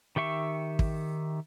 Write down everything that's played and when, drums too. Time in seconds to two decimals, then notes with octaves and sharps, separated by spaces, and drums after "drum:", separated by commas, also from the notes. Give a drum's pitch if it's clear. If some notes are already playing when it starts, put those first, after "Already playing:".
0.16 D#3 G4 E5 C#6
0.79 drum: kick